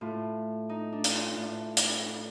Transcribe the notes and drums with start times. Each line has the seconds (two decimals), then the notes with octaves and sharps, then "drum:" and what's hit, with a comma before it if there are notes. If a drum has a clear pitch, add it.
0.01 A2 F4
0.69 D#4
0.93 D4
1.04 drum: hi-hat
1.15 F4
1.37 A2
1.77 drum: hi-hat